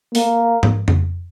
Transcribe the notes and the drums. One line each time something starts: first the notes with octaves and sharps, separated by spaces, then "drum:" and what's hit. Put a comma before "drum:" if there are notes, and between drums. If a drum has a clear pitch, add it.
A#3, drum: open hi-hat
drum: tom G#2
drum: tom F2